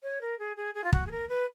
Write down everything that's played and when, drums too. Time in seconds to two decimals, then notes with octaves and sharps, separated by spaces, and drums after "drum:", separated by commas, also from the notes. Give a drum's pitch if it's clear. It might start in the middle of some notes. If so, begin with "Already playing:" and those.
0.03 C#5
0.21 A#4
0.39 G#4
0.57 G#4
0.74 G#4
0.84 F4
0.93 F#4, drum: kick
1.07 G#4
1.11 A#4
1.29 B4